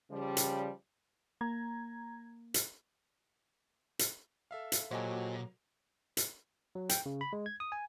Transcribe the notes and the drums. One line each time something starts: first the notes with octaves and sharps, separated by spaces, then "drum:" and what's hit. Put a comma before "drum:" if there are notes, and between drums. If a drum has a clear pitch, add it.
C#3 F3 G3
drum: hi-hat
A#3 A#5 G#6
drum: hi-hat
drum: hi-hat
A4 E5 F5
drum: hi-hat
A#2 F#3 F#4 G4 A4 C5 D#5 G#5
drum: hi-hat
F#3
G5, drum: hi-hat
C#3
B5
G#3
G#6
D#6
G#5